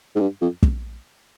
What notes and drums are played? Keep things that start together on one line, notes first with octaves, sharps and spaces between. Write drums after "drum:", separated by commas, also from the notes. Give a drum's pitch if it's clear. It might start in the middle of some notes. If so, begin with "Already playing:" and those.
G#2
G2
F2
drum: kick